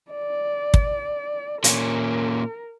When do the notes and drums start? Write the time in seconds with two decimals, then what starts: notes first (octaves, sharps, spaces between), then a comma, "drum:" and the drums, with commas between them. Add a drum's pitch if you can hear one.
0.11 D5
0.74 drum: kick
1.64 A#2 C#4 A#4, drum: hi-hat